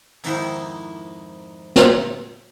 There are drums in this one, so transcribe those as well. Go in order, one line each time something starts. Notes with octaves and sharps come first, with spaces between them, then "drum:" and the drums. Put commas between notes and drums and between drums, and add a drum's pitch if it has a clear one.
F2 G#2 D#3 E4 C5 G5, drum: open hi-hat
drum: snare